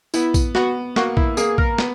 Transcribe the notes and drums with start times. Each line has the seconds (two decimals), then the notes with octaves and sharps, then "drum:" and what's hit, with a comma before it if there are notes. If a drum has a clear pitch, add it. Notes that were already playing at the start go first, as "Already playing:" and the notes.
0.14 B3 E4, drum: tambourine
0.34 drum: kick, tambourine
0.55 B3 F#4, drum: snare
0.96 A#3 F#4, drum: snare
1.17 E4, drum: kick
1.37 A#3 G#4, drum: tambourine
1.58 A#4, drum: kick
1.78 B3, drum: snare